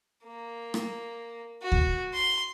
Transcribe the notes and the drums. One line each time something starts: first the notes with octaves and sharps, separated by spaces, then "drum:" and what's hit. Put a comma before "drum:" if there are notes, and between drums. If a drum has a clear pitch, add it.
A#3
drum: rim click
F#4
drum: kick D2
C6